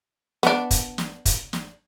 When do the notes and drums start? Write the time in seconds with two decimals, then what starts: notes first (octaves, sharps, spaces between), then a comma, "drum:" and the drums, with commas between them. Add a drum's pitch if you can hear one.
0.43 B3 D4, drum: snare
0.71 drum: kick, hi-hat
0.98 drum: snare
1.25 drum: kick, hi-hat
1.53 drum: snare